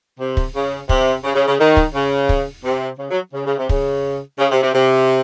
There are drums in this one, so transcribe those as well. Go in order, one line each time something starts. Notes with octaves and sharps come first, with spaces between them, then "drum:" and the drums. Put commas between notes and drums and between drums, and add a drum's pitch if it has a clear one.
C3
drum: kick
C#3
C3, drum: kick
C#3
C#3
C#3
D#3
drum: kick
C#3
drum: kick
C3
C#3
F#3
C#3
C#3
C3
C#3, drum: kick
C#3
C3
C3
C3